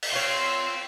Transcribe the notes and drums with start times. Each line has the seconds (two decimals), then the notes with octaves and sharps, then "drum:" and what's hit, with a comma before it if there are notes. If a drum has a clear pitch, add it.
0.02 drum: open hi-hat
0.12 F4 C#5 G5 C6 E6 C7